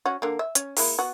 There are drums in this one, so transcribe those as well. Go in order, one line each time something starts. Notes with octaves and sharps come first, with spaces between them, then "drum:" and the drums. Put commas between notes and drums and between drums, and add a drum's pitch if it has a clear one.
C#4 F#4
D3 A#3
E5
C#4, drum: hi-hat
G#3 A#3 E4, drum: open hi-hat
B3 F#4